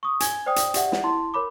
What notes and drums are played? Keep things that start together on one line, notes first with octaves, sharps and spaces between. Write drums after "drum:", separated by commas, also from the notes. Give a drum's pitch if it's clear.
C#6 D#6
G#5 G#6 G7, drum: hi-hat
C5 D5 G5 D#6
drum: hi-hat
G4 D5 E5 F#5, drum: hi-hat
drum: snare
E4 C6
A#4 C#5 B5 D6